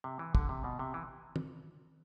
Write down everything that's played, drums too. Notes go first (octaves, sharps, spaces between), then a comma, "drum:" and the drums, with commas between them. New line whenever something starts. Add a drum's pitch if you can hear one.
C3
E3
D3, drum: kick
C3
B2
C3
E3
drum: tom